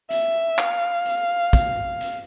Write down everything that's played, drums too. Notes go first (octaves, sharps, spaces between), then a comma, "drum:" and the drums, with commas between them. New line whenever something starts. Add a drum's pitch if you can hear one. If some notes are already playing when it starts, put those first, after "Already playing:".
E5, drum: hi-hat
F5, drum: clap
drum: hi-hat
drum: kick, hi-hat
drum: hi-hat